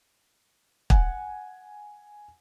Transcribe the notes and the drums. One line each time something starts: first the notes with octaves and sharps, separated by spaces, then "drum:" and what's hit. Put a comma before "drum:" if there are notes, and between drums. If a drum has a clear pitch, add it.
F#5 G#5, drum: kick